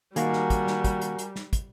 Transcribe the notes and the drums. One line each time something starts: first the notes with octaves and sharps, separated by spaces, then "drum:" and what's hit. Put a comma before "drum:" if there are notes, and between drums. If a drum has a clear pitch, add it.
D#3 G3 A#3 F#4 G#4 A#4 F5, drum: hi-hat
drum: snare
drum: kick, hi-hat
drum: snare
drum: kick, hi-hat
drum: hi-hat
drum: hi-hat
drum: snare
drum: kick, hi-hat